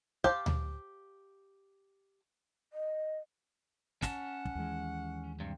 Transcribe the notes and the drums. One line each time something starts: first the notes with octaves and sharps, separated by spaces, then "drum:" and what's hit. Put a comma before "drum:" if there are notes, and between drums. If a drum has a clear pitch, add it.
G4 C5 F5 G5 A5, drum: kick
drum: tom D2
D#5
C#4 F#5 A5, drum: snare
drum: kick
D#2 E3 G#3
G2 C3